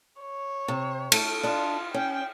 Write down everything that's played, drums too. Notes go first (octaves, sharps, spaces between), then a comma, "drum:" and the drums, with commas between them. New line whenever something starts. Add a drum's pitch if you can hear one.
C#5
C3
A3, drum: cymbal
D4 F4 D#5
C#4 G5